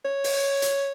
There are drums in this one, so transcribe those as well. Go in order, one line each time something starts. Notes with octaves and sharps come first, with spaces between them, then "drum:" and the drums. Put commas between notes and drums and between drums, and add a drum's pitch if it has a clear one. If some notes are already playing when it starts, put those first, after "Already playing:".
C#5
drum: open hi-hat
drum: hi-hat